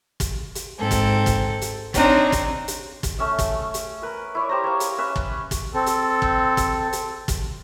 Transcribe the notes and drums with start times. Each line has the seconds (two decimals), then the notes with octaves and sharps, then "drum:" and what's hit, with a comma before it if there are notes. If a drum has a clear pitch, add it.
0.20 drum: kick, hi-hat
0.55 drum: hi-hat
0.78 G#2 C4 A4
0.91 drum: kick, hi-hat
1.26 drum: kick, hi-hat
1.62 drum: hi-hat
1.94 C4 D4 D#4 C#5, drum: kick, hi-hat
2.32 drum: kick, hi-hat
2.68 drum: hi-hat
3.03 drum: kick, hi-hat
3.19 A3 C#4 E5
3.39 drum: kick, hi-hat
3.74 drum: hi-hat
4.02 A#4 B4
4.35 E4 C#5 D5
4.49 G4 C5 A#5
4.64 C#5 F5
4.80 drum: hi-hat
4.98 C#4 B4 E5
5.16 drum: kick
5.51 drum: kick, hi-hat
5.74 C4 A4
5.86 drum: hi-hat
6.22 drum: kick
6.57 drum: kick, hi-hat
6.93 drum: hi-hat
7.28 drum: kick, hi-hat